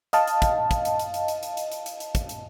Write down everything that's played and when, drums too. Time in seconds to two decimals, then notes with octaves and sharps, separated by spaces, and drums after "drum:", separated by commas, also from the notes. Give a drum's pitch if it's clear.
0.13 D#5 F5 A5, drum: hi-hat
0.27 drum: hi-hat
0.42 drum: kick, hi-hat
0.71 drum: kick, hi-hat
0.85 drum: hi-hat
1.00 drum: hi-hat
1.14 drum: hi-hat
1.28 drum: hi-hat
1.43 drum: hi-hat
1.57 drum: hi-hat
1.72 drum: hi-hat
1.86 drum: hi-hat
2.00 drum: hi-hat
2.15 drum: kick, hi-hat
2.29 drum: hi-hat